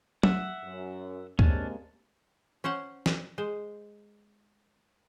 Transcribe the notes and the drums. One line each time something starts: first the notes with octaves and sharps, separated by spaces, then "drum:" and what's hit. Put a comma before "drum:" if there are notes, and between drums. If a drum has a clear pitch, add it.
E5 F#5, drum: tom
F#2
C3 G#3 A#3 C#4 D4, drum: kick
C#4 C5 C#5 F#5
drum: snare
G#3 C5